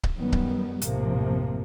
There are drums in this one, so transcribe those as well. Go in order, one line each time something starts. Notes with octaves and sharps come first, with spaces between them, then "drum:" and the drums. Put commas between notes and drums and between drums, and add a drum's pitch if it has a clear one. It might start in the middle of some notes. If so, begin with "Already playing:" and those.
drum: kick C#1
F#2 D#3 F#3 G3 B3
drum: kick C#1
A#1 F#2 A2 C3 F3 A#3, drum: hi-hat